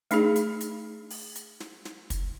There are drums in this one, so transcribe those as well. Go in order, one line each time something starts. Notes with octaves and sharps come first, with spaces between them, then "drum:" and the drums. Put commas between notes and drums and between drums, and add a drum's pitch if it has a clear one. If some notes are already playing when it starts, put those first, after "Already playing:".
A3 D4 D#4 G#4, drum: hi-hat
drum: hi-hat
drum: hi-hat
drum: open hi-hat
drum: hi-hat
drum: snare
drum: snare
drum: kick, hi-hat